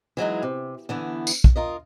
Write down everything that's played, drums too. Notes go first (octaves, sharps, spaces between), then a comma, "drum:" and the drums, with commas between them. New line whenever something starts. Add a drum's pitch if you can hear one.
E3 F#3 G#3 D#4
C3
D3 E3 B3
drum: tambourine
drum: kick
F4 A#4 D#5